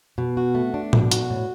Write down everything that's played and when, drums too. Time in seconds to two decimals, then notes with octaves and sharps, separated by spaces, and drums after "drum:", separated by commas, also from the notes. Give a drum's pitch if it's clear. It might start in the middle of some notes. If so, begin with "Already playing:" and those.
0.18 B2
0.37 F#4
0.55 A3
0.74 D4
0.93 B2, drum: tom A2
1.11 F#4, drum: hi-hat
1.30 A2